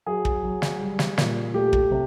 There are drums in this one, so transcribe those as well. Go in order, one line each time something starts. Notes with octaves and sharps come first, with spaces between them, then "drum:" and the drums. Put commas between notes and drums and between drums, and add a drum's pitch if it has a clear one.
F#3 G#4
drum: kick
F#3
drum: snare
G3
drum: snare
A#2, drum: snare
A3 G4
drum: kick
C3